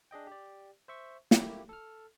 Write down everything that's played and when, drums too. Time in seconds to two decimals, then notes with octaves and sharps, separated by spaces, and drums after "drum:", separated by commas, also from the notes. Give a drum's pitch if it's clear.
0.11 D4 G#4 D#5 G5
0.27 G4 D5
0.88 C5 E5 C#6
1.31 A3 A#3 E4 G4, drum: snare
1.69 A4 F6